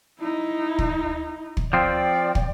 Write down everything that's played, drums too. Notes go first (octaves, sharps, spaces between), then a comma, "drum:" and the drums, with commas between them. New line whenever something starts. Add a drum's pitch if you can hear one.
D#4 E4
drum: kick
drum: kick
F3 C4 D5 G5
drum: kick